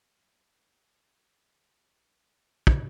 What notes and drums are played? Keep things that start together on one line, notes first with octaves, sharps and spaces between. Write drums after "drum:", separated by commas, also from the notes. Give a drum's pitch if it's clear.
F#3
F2
A#3
D#3
C2
drum: kick